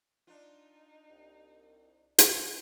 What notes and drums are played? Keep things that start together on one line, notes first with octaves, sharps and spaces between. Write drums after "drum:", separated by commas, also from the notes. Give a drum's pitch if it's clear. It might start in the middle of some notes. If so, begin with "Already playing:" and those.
D4 D#4 F4
C2
drum: hi-hat